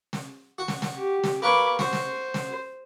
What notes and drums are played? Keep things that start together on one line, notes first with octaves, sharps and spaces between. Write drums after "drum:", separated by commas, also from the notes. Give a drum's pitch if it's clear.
drum: snare
F#4
drum: snare
drum: snare
G4
drum: snare
A#3 B4 C#5 B5 D6
F#4 C5, drum: snare
drum: snare
drum: snare